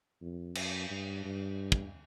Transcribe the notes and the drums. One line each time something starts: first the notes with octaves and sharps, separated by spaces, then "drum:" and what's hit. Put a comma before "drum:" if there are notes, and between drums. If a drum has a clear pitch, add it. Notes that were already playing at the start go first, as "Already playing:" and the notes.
F2
F#2, drum: cymbal
G2
G2
drum: kick